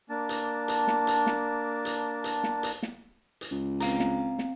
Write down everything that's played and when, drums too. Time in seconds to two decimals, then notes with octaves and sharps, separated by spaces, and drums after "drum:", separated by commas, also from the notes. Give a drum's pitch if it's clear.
0.10 A#3 D4 A5
0.29 drum: hi-hat
0.68 drum: hi-hat
0.88 drum: snare
1.07 drum: hi-hat
1.27 drum: snare
1.85 drum: hi-hat
2.24 drum: hi-hat
2.44 drum: snare
2.63 drum: hi-hat
2.83 drum: snare
3.41 drum: hi-hat
3.51 C#2
3.80 C4 F5 A#5, drum: hi-hat
4.00 drum: snare
4.39 drum: snare